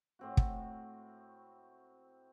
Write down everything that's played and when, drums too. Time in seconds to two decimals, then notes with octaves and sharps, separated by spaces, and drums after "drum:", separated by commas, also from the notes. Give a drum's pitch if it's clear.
0.19 A2 C4 F#4
0.37 drum: kick